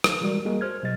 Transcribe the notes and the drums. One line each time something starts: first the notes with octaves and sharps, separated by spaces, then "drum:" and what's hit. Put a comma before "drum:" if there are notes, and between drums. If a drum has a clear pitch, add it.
drum: rim click
E3 G3 G#3 F#4 A#4 D5
G3 A#3 F#4 G#4 A#4 D#5
C5 F6 G#6
B2 F#3 D#5 A6